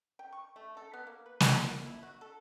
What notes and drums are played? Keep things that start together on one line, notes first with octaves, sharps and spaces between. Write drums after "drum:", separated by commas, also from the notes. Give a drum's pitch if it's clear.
G5
C#6
A3
A4
B3
A#3
B4
B3, drum: snare
B2
E4
F#4
A4